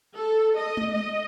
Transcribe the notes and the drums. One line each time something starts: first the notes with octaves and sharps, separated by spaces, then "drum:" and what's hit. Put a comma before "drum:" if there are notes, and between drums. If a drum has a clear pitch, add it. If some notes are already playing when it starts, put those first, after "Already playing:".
A4
D#5
drum: tom G#3
D#5